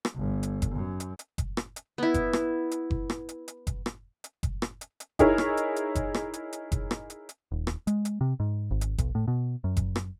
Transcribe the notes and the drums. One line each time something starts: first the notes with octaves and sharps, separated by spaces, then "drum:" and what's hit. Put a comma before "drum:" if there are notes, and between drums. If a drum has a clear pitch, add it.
drum: rim click
G1
drum: hi-hat
drum: kick F#1, hi-hat
F#2
drum: hi-hat
drum: hi-hat
drum: kick F#1, hi-hat
drum: rim click
drum: hi-hat
B3 E4
drum: kick F#1, hi-hat
drum: rim click
drum: hi-hat
drum: kick F#1
drum: rim click
drum: hi-hat
drum: hi-hat
drum: kick F#1, hi-hat
drum: rim click
drum: hi-hat
drum: kick F#1, hi-hat
drum: rim click
drum: hi-hat
drum: hi-hat
D#4 E4 G#4 A#4 C#5, drum: kick F#1, hi-hat
drum: rim click
drum: hi-hat
drum: hi-hat
drum: kick F#1, hi-hat
drum: rim click
drum: hi-hat
drum: hi-hat
drum: kick F#1, hi-hat
drum: rim click
drum: hi-hat
drum: hi-hat
D#1
drum: rim click
G#3, drum: hi-hat
drum: hi-hat
C3
G#2
G#1
drum: hi-hat
B1, drum: kick F#1, hi-hat
A2
B2
F#2
drum: kick F#1, hi-hat
drum: rim click